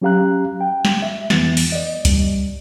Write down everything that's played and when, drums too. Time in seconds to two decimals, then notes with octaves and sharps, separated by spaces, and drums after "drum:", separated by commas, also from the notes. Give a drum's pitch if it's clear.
0.02 F#3 C#4 G4 F5 A#5 F#6
0.61 G5
0.85 drum: snare
1.02 E5
1.30 F2 E3 B3 A6, drum: snare
1.57 drum: open hi-hat
1.72 D5 D#5
2.05 G3, drum: kick C#2, hi-hat